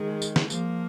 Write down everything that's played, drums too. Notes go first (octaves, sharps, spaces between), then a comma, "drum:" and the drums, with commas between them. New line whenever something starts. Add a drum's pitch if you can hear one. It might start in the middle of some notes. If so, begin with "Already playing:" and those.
Already playing: D#3 G#3
drum: tambourine
drum: snare
F3 A#3, drum: tambourine